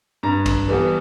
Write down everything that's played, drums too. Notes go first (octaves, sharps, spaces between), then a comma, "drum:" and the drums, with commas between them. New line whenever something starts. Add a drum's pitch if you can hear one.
G2 A#5
drum: kick, cymbal
E3 G3 B3